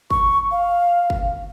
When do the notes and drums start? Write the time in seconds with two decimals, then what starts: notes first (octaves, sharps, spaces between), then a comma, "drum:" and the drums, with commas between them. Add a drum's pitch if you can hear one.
0.10 C#6, drum: kick G1
0.51 F5
1.10 drum: kick G1